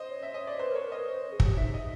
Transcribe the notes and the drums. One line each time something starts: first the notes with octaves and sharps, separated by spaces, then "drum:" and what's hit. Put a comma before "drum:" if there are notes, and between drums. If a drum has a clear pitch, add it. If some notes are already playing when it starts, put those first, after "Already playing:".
Already playing: C5 D#5
C#5
E5
C#5 D#5
D5
B4 C5
A#4
C#5
A#4
B4 D#5
C5
C#5
G#4
F#4, drum: kick
G4
D#4 E5
D#5